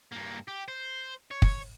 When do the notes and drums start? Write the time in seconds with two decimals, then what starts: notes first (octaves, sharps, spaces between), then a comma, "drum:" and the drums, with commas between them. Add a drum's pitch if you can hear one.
0.12 G2 A#3
0.48 G4
0.68 C5
1.31 C#5
1.42 drum: kick